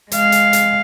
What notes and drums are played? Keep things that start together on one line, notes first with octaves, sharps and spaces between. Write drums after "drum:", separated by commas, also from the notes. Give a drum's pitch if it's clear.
G#3 F5, drum: hi-hat
drum: hi-hat
drum: hi-hat